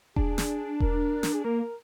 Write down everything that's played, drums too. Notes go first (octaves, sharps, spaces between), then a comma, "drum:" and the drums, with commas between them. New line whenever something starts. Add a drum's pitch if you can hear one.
D4 G#4, drum: kick E1
drum: snare
A#4, drum: kick E1
drum: snare
G#4
A#3 A#4
A#4